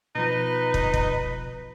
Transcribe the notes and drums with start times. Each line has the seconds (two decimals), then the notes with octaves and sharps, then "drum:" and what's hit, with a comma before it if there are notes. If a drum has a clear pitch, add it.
0.15 B2 F3 D#4 B4
0.74 drum: kick
0.94 drum: kick